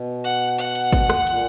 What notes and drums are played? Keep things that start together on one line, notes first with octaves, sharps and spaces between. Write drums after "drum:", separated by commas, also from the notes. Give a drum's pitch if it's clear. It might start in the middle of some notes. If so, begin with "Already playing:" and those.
Already playing: B2
F#5
F#5, drum: hi-hat
drum: hi-hat
drum: kick G#1, hi-hat
drum: rim click
A#2, drum: hi-hat